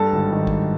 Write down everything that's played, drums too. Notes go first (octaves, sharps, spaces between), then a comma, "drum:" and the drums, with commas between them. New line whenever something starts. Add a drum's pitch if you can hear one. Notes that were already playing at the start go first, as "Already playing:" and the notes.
Already playing: G2 A4 A5
G#1
D#3
drum: kick